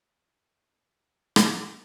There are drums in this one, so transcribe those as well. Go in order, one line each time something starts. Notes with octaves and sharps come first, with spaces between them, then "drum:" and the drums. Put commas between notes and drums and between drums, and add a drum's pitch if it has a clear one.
C#3
drum: rim click